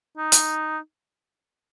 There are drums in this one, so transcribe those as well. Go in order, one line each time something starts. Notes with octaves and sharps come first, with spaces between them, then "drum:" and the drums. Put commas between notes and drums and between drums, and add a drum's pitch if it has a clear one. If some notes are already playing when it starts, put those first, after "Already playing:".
D#4
drum: hi-hat